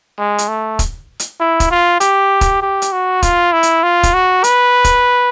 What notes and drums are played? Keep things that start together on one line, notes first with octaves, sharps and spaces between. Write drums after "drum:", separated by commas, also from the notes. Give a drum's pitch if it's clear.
G#3
drum: hi-hat
A3
drum: kick, hi-hat
drum: hi-hat
E4
drum: kick, hi-hat
F4
G4, drum: hi-hat
drum: kick, hi-hat
G4
drum: hi-hat
F#4
F4, drum: kick, hi-hat
E4
drum: hi-hat
F4
drum: kick, hi-hat
F#4
B4, drum: hi-hat
drum: kick, hi-hat